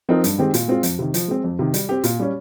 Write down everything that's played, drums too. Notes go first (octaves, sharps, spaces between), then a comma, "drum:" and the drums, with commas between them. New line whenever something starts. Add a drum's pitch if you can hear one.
F3 C4 D#4 A#4
G2, drum: hi-hat
D#3 G#3 C4 G4
A#2, drum: hi-hat
G#3 C4 F4
F2, drum: hi-hat
C3 D#3
F3, drum: hi-hat
G#3 C4
F2
C3 D#3
G3, drum: hi-hat
C4 G4
A#2, drum: hi-hat
G3 C#4